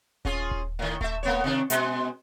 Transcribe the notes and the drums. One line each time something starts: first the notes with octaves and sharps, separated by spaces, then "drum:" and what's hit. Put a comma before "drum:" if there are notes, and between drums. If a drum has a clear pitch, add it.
C#4 F4 G#4, drum: kick D#1
drum: kick D#1
A2 D#3
A3 E5, drum: kick D#1
A3 B3 C#5
C3 D#3 D4
B2 G#3, drum: hi-hat